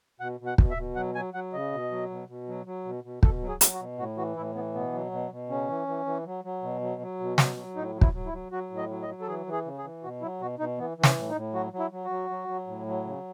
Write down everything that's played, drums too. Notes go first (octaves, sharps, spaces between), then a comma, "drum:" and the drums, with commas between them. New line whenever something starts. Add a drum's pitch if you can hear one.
B2 F#5
B2
F#5
B2, drum: kick
E5
B2
F#3 F#5
F#3 G#5
F#3 F#5
C#3 D#5
B2
F#3
B2
B2
F#3
F#3
B2
B2
B2 A4, drum: kick
F#3
G#4
F#3, drum: hi-hat
F#4
B2
A2 F#4
E3 F#4
A2 E4
E3 B3
B2 B3
F#3
B2
B2
C#3 C#4
E3
E3
E3
F#3
F#3
B2
F#3
F#3
B2
F#3, drum: snare
F#3
A2 D#4
F#3
E4, drum: kick
F#3
E4
F#3
F#3 F#4
A2
D#5
F#3
D#5
F#3
A4
E3 G#4
E3
G#4
C#3
G#4
E3
B2 F#4
F#3 E4
B2 F#4
B2 D#4
E3 B3
E3
C#4, drum: snare
A2
D#4
A2
F#3 F#4
F#3
E4
F#3
F#4
F#3
F#3
F#3
A2
F#3
C#3